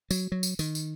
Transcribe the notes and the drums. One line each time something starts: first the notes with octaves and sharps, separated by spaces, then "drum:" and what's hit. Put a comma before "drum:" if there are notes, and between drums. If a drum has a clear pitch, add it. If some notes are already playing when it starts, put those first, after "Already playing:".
F#3, drum: tambourine
F#3
drum: tambourine
D#3, drum: tambourine
drum: tambourine